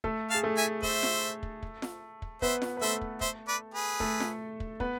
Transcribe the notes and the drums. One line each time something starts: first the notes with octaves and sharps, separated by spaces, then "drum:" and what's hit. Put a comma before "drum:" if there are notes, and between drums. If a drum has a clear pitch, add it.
A3 A4, drum: kick
F5 A5
G#4
A3 A4
E5 G#5
C5 E5, drum: kick
drum: snare F4
drum: kick
drum: kick
drum: snare F4
drum: kick
B3 B4 C5 E5, drum: kick
drum: snare F4
B4
A3 A4 C5 E5
drum: kick
C5 E5, drum: kick
B4 D5
G#4 B4
A3 A4, drum: kick
drum: snare F4
drum: kick
B3 B4, drum: kick